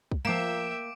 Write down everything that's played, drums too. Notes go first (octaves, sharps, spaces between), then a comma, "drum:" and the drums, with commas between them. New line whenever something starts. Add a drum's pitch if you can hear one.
drum: kick
F3 A#3 E5 G5 D6 D7 E7